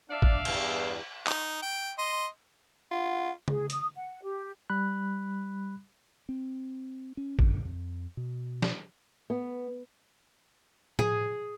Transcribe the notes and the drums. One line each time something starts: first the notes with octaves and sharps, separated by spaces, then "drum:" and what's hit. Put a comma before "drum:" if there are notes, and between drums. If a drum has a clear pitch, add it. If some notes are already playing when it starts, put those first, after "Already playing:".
D4 D5 E5 F5
drum: kick
E2 G2, drum: cymbal
D#4, drum: clap
G5
D#5 C6
F4 F#5
G#4, drum: tom C#3
D#6, drum: hi-hat
F#5
G4
G3 B5 F#6
C4
C#4
F#2 A#2 D3, drum: kick
F2
B2
drum: snare
B3
G#4, drum: tom A2